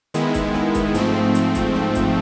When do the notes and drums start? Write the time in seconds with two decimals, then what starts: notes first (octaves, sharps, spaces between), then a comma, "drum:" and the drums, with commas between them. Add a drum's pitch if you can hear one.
0.14 D#3 G#3 B3 E4, drum: hi-hat
0.34 drum: kick, hi-hat
0.54 drum: snare
0.74 drum: kick, hi-hat
0.94 G#2 F3 A3 C4, drum: hi-hat
1.35 drum: hi-hat
1.55 drum: kick, hi-hat
1.75 drum: snare
1.95 drum: kick, hi-hat